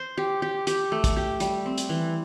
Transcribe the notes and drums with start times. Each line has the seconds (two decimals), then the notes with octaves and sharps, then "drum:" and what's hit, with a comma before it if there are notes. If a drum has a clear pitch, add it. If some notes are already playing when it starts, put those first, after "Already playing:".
Already playing: C5
0.17 G4
0.42 G4
0.67 G4, drum: hi-hat
0.92 A3
1.04 drum: kick, hi-hat
1.17 G4
1.40 G3, drum: hi-hat
1.66 C4
1.78 drum: hi-hat
1.89 E3